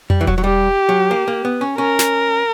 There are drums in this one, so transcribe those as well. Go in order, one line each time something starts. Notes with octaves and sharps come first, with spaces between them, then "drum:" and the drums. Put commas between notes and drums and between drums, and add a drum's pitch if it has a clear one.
G3, drum: tom F2
E3
F#3, drum: kick E1
F#3
G3 G4
F#3
A#3
A#3
B3
C#4
C#4 A#4
drum: snare